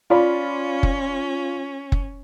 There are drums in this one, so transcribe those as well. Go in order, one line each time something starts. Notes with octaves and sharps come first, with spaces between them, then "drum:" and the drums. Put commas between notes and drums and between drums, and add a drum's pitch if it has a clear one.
C#4 F4 D5 B5
drum: kick
drum: kick